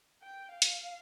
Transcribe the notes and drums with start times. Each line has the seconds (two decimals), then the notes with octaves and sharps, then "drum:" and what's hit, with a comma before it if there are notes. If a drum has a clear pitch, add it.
0.23 G5
0.52 F5
0.62 drum: hi-hat